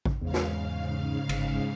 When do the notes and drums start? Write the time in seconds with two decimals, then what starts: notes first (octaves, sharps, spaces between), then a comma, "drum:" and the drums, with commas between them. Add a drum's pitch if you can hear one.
0.05 drum: kick A1
0.22 E2 G#2 C#3 F5
0.34 drum: snare
1.29 G1, drum: cymbal